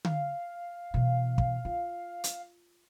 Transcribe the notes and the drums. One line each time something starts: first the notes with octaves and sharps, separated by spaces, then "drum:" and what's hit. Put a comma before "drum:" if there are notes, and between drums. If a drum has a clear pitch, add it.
F5, drum: tom D3
B2 E3
drum: kick
F4
drum: hi-hat